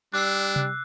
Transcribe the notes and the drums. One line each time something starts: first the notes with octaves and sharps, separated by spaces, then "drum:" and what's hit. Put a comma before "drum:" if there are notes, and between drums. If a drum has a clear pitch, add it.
G3 D4 D6 E6 F#6 C7
drum: tom C3